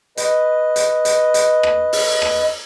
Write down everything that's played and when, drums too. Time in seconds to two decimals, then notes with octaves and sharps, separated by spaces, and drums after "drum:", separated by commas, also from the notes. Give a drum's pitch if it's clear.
0.17 B4 D#5, drum: hi-hat
0.76 drum: hi-hat
1.05 drum: hi-hat
1.34 drum: hi-hat
1.63 drum: rim click
1.93 drum: open hi-hat
2.22 drum: rim click